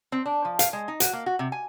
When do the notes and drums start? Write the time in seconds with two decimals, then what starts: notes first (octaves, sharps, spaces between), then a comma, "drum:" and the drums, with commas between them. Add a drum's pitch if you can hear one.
0.12 C4
0.26 D4
0.45 F3
0.59 F5, drum: hi-hat
0.73 G#3
0.88 D#4
1.00 F#4, drum: hi-hat
1.13 A#3
1.26 F#4
1.39 C3
1.52 G#5